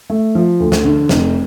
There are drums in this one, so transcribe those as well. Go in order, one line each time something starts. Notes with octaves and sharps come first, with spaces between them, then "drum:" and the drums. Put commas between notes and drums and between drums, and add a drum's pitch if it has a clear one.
A3
F3
D2
drum: snare
D3
F1, drum: snare